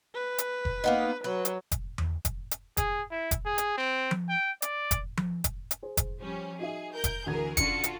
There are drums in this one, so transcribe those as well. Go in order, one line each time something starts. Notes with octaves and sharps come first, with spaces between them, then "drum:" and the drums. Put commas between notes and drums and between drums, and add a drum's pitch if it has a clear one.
B4
drum: hi-hat
drum: kick F1
A#3 B3 D#4
F#3 B4
drum: hi-hat
drum: kick F1, hi-hat
drum: tom E2
drum: kick F1, hi-hat
drum: hi-hat
G#4, drum: kick F1, hi-hat
E4
drum: kick F1, hi-hat
G#4
drum: hi-hat
C4
drum: tom F3
G5
D5, drum: hi-hat
drum: kick F1, hi-hat
drum: tom F3
drum: kick F1, hi-hat
drum: hi-hat
G#4 C5
drum: kick F1, hi-hat
F3 G3 C#4
D#4 F#4 G#4 E5
A#4 G6
drum: kick F1, hi-hat
D2 E3 G#4 A#4 G#6
C#3 D4 F4 F#4 A4 C#7, drum: kick F1, hi-hat
drum: hi-hat